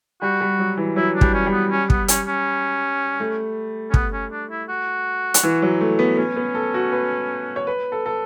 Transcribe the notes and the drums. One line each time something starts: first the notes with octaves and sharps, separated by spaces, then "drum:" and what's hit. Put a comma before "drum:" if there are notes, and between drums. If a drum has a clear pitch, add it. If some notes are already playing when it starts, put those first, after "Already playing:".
G3 F#4
G3
F#3
E3
F#3 E4
D4
G3, drum: kick
C#4
G3
B3
C#4
B3, drum: kick
C#4, drum: hi-hat
C#4
A3
C#4
B3, drum: kick
C#4
D4
E4
F#4
drum: hi-hat
E3
F#3
A3
B3
B3 C#4
B3
A4
F#4
B4
C#5
B4
A4
A4